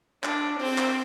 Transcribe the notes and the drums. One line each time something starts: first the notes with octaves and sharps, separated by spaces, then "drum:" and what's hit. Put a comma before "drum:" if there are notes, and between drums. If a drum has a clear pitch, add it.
D4, drum: clap
C4, drum: open hi-hat
drum: clap